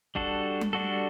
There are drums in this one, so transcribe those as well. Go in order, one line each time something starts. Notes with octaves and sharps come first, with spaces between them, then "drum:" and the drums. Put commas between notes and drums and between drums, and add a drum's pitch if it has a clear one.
G3 D4 F#4 A4, drum: kick
drum: tom G3
G3 D4 F#4 A4